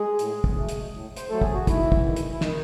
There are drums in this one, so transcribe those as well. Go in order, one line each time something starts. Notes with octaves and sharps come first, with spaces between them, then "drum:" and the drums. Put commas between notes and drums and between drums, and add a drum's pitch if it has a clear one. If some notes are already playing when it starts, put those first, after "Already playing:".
Already playing: G#3 G#4
A2, drum: hi-hat
drum: kick
F#3 A3
drum: hi-hat
A2
C5, drum: hi-hat
F#3 A3 A4
G#4, drum: kick
F#4
G#2 E3 E4, drum: kick, hi-hat
drum: kick
D#3 G#3
drum: hi-hat
E4
D#3 D#4, drum: snare